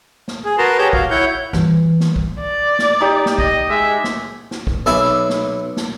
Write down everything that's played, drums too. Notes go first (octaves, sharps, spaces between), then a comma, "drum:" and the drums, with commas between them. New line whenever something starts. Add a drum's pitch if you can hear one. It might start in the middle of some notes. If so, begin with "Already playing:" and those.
drum: snare
G#4
F#4 A#4 B4 A5 A#5 C6
G4 G#4 A#4 C#5 A5 G6
F#4 F5, drum: kick
E4 C#5 F#5 G6
E3 G3, drum: snare
drum: snare
drum: kick
D5
drum: snare
D#4 G4
drum: snare
D#5, drum: kick
G#3 E5
drum: snare
drum: snare
drum: kick
B1 E5 G#5 B5 D6
drum: snare
drum: snare